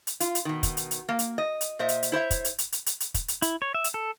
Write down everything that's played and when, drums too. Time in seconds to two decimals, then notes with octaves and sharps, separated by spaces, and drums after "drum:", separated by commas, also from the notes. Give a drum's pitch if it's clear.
0.07 drum: hi-hat
0.20 F4, drum: hi-hat
0.35 drum: hi-hat
0.45 B2 D#3
0.63 drum: kick, hi-hat
0.77 drum: hi-hat
0.91 drum: hi-hat
1.09 A#3
1.19 drum: hi-hat
1.38 D#5
1.61 drum: hi-hat
1.79 A#2 C5 D#5 E5
1.89 drum: hi-hat
2.03 drum: hi-hat
2.12 E4 C5 C#5 E5
2.31 drum: kick, hi-hat
2.45 drum: hi-hat
2.58 drum: hi-hat
2.72 drum: hi-hat
2.86 drum: hi-hat
3.00 drum: hi-hat
3.14 drum: kick, hi-hat
3.28 drum: hi-hat
3.42 E4, drum: hi-hat
3.62 C#5
3.75 E5
3.84 drum: hi-hat
3.94 A4